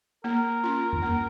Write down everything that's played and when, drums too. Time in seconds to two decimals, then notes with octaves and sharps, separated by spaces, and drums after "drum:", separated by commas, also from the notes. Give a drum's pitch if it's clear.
0.24 A#3 A#4
0.64 C#4 F4
0.93 drum: tom F#2
1.02 A#3